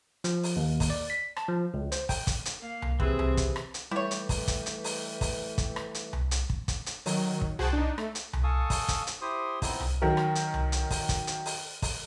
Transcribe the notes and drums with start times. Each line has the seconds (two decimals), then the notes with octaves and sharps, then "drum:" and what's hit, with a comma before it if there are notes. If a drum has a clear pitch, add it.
0.24 F3, drum: hi-hat
0.43 drum: open hi-hat
0.56 D#2
0.80 drum: kick, open hi-hat
0.90 D5
1.10 B6
1.37 A5, drum: rim click
1.48 F3
1.74 C#2
1.92 C5, drum: hi-hat
2.09 G5, drum: kick, open hi-hat
2.27 drum: kick, hi-hat
2.45 drum: hi-hat
2.60 A#3 F5
2.82 drum: tom C2
3.00 C3 E3 C4 G#4, drum: kick
3.19 drum: tom C2
3.37 drum: kick, hi-hat
3.56 drum: rim click
3.74 drum: hi-hat
3.91 E3 G3 A3 E4 B4 C#5 G5
4.11 drum: hi-hat
4.29 drum: kick, open hi-hat
4.48 drum: kick, hi-hat
4.66 drum: hi-hat
4.84 drum: open hi-hat
5.21 drum: kick, open hi-hat
5.58 drum: kick, hi-hat
5.76 drum: rim click
5.95 drum: hi-hat
6.13 drum: tom C2
6.31 drum: hi-hat
6.50 drum: kick
6.68 drum: kick, hi-hat
6.86 drum: hi-hat
7.06 D#3 F#3, drum: open hi-hat
7.41 drum: kick
7.59 F#4 G#4 C5 F#5 G5 A5, drum: tom C2
7.73 D4 D#4
7.98 A3, drum: rim click
8.15 drum: hi-hat
8.33 drum: tom C2
8.43 A4 F5 G#5 A5 C#6 D#6
8.70 drum: kick, open hi-hat
8.88 drum: kick, hi-hat
9.07 drum: hi-hat
9.21 E4 G4 C5 C6 D#6
9.62 F3 B3 C4 D#4 E4, drum: kick, open hi-hat
9.80 drum: tom C2
10.02 D#3 F#3 A#4
10.17 drum: rim click
10.35 drum: hi-hat
10.54 drum: tom C2
10.72 drum: hi-hat
10.91 drum: kick, open hi-hat
11.09 drum: kick, hi-hat
11.27 drum: hi-hat
11.46 drum: open hi-hat
11.82 drum: kick, open hi-hat